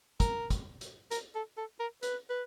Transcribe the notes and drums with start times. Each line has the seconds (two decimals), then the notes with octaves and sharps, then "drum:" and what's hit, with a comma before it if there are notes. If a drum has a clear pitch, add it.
0.20 A#4, drum: kick, hi-hat
0.50 drum: kick, hi-hat
0.81 drum: hi-hat
1.11 A#4, drum: hi-hat
1.35 A4
1.57 A4
1.80 A#4
2.03 B4, drum: hi-hat
2.30 B4